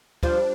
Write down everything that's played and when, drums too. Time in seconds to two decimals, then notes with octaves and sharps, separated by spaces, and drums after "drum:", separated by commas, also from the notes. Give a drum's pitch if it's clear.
0.23 F3 G3 D4, drum: kick